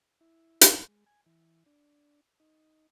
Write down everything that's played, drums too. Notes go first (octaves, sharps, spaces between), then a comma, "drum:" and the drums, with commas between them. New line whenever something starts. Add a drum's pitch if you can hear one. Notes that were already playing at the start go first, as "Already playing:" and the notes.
E4
drum: hi-hat
G#3
G#5
E3
D4
D#4